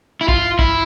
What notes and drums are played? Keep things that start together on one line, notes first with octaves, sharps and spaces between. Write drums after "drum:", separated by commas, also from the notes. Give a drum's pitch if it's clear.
E4
F4, drum: kick
E4, drum: kick